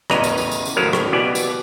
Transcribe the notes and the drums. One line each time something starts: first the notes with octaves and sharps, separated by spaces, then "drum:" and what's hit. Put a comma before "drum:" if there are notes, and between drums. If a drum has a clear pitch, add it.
A1 E2 C#3 B4 D#5 A#5, drum: rim click
drum: tambourine
drum: tambourine
drum: tambourine
drum: tambourine
D#2 A2 C#3 F3 F#3 A#4
drum: rim click
B2 E3 B3 G4 D5 G#5
drum: tambourine